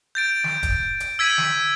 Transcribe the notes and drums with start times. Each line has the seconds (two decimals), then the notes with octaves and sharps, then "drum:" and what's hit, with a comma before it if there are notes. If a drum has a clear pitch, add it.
0.15 G6 A6 D7
0.44 drum: snare
0.63 drum: kick, hi-hat
1.00 drum: hi-hat
1.19 E6 G#6 B6 D#7 F#7
1.38 drum: snare